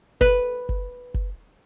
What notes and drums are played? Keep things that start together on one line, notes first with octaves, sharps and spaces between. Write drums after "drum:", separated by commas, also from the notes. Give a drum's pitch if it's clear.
B4, drum: kick F#1
drum: kick F#1
drum: kick F#1